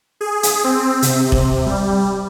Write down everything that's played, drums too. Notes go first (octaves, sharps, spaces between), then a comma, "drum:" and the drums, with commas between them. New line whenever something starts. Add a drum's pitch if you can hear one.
G#4
drum: hi-hat
C4
C3, drum: hi-hat
drum: kick
G3